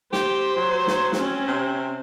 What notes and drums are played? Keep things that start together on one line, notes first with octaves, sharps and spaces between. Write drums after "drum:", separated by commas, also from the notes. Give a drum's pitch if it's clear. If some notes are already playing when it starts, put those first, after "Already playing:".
G4 C5, drum: snare
F#3
drum: snare
C4 C#4, drum: snare
C3